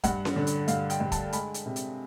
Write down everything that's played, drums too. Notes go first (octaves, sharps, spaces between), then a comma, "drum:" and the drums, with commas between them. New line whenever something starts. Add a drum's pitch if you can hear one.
G2 F#5, drum: kick, hi-hat
drum: snare C#4
D3
drum: hi-hat
G2 F5, drum: hi-hat
G5, drum: hi-hat
G2
A5, drum: kick, hi-hat
G#3 B5, drum: hi-hat
drum: hi-hat
C3
drum: hi-hat